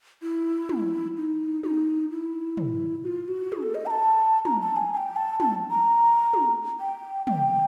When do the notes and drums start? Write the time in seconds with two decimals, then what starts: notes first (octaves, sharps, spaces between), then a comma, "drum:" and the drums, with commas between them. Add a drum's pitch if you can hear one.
0.23 E4
0.69 drum: tom
1.17 D#4
1.63 D#4, drum: tom
2.11 E4
2.57 drum: tom
3.04 F#4
3.07 F4
3.28 F#4
3.52 G#4, drum: tom
3.63 A4
3.75 D#5
3.86 A#5
3.91 A5
4.45 A#5, drum: tom
4.61 A5
4.76 G#5
4.93 G#5
4.97 G5
5.16 A5
5.40 A5, drum: tom
5.71 A#5
6.33 drum: tom
6.80 G5
7.27 G5, drum: tom